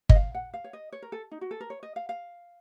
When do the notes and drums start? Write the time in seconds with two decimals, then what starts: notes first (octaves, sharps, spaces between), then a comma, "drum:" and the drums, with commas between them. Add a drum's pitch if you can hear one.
0.09 D#5, drum: kick G1
0.15 F5
0.34 F#5
0.54 F5
0.64 C#5
0.73 D#5
0.92 C#5
1.02 A#4
1.12 A4
1.32 D#4
1.41 F#4
1.51 A4
1.61 A#4
1.70 C#5
1.83 D#5
1.96 F5
2.09 F5